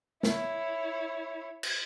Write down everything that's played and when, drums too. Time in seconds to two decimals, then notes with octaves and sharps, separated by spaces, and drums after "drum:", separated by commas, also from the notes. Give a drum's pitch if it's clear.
0.23 E4 C#5, drum: snare
1.63 drum: cymbal